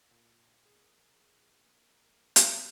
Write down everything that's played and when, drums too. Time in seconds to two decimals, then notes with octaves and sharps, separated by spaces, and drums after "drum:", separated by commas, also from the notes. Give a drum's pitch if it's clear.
0.11 A#2
0.65 A#1 G#4 A#4
2.36 drum: hi-hat